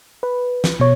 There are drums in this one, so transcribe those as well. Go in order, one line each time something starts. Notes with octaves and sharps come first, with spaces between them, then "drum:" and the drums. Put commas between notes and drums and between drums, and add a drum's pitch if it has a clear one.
B4
drum: snare
B2 C#5